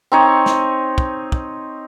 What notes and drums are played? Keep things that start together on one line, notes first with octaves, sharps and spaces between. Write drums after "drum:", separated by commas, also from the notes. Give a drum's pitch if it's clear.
C4 D#4 C#5
drum: snare
drum: kick
drum: kick